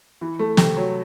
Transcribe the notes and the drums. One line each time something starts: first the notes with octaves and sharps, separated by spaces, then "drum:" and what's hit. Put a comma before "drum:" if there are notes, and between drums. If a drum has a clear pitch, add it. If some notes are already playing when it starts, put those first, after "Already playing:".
E3
A3
C3, drum: snare
F#3